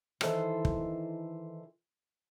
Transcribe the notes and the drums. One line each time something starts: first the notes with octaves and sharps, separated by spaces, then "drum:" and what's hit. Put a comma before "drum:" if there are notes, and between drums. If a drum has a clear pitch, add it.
D#3 E3 A4 C5, drum: rim click
drum: kick